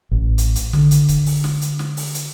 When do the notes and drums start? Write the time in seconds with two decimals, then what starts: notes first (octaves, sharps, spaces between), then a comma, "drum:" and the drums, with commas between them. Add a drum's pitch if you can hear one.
0.11 A1
0.38 drum: hi-hat
0.56 drum: hi-hat
0.73 D3, drum: snare
0.91 drum: hi-hat
1.09 drum: kick, hi-hat
1.26 drum: open hi-hat
1.44 drum: snare
1.61 drum: hi-hat
1.79 drum: snare
1.97 drum: open hi-hat
2.14 drum: hi-hat